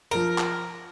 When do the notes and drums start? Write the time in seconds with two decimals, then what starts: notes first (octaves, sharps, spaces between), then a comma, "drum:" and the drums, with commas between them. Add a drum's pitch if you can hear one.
0.11 F3 A#4 D7
0.38 drum: clap